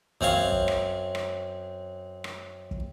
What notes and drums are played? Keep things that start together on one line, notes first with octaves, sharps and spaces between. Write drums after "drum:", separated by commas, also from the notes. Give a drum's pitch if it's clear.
F#2 C4 C#5 F5 C#6, drum: kick
drum: kick
drum: rim click
drum: rim click
drum: rim click
drum: kick